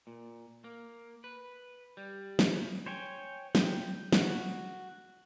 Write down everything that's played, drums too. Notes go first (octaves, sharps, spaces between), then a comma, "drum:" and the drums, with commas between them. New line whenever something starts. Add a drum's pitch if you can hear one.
A#2
A#3
B4
G3
drum: snare
C5 C#5 G5 G#5
G5, drum: snare
F#4, drum: snare